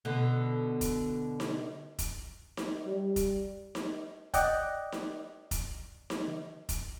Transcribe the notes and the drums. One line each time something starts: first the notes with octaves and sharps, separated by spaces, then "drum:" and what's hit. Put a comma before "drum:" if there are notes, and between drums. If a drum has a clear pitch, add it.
B2 D3
drum: kick F1, hi-hat
drum: snare D#4
drum: kick F1, hi-hat
drum: snare D#4
G3
drum: kick F1, hi-hat
drum: snare D#4
D5 D#5 F#5 G5, drum: kick F1, hi-hat
drum: snare D#4
drum: kick F1, hi-hat
drum: snare D#4
drum: kick F1, hi-hat